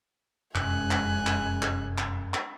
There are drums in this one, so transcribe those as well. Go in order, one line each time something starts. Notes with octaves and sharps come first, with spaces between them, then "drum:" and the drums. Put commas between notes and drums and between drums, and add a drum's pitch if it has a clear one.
F1 F#2 G#3 C#4 G#5 F#6, drum: clap
drum: clap
drum: clap
drum: clap
drum: clap
drum: clap